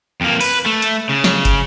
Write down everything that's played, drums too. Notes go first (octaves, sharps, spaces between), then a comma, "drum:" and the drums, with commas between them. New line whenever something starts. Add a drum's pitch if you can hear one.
F2 A#3
B4, drum: open hi-hat
A3
drum: hi-hat
C#3
drum: snare
drum: kick, hi-hat